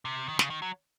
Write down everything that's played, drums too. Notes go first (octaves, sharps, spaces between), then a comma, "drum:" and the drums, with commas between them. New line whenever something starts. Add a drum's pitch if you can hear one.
C3
D#3
C#3, drum: snare
D#3
F#3